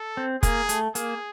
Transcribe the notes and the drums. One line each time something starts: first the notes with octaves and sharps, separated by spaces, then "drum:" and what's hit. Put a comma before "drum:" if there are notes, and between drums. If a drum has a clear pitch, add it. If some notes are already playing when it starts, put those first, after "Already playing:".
Already playing: A4
C4
A#3 G#4, drum: kick F1, hi-hat
A3, drum: hi-hat
A#3 G#4, drum: hi-hat